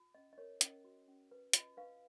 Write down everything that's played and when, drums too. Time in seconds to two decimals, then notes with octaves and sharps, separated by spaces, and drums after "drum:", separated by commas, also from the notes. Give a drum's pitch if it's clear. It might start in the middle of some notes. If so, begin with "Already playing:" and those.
Already playing: F4
0.15 C#4 D#5
0.33 D#5
0.38 A#4 C#5
0.61 C#4 D#5, drum: hi-hat
0.85 F#4
1.08 C#4
1.31 B4
1.53 F4 D#5, drum: hi-hat
1.77 B4 F5